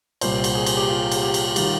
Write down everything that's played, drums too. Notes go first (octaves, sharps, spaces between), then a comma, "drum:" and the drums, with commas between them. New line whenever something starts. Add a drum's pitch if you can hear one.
C2 A#2 G3 C5, drum: cymbal
drum: cymbal
G#4
drum: cymbal
G4
F4
drum: cymbal
G4
drum: cymbal
D#3 G3 F4, drum: cymbal